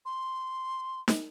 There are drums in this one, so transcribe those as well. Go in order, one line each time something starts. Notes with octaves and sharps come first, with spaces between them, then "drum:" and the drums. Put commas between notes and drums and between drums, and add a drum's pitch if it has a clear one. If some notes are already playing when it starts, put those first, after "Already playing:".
C6
drum: snare